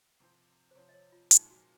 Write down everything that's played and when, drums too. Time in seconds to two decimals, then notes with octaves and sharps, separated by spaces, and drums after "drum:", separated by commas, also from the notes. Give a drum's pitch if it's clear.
0.20 C3 F3 C4
0.71 C5
0.75 C3 F3 C4 C#5
0.89 D#5
0.94 C#5
1.12 F4
1.31 A#2 F3 G#3 D#4, drum: hi-hat
1.50 F#4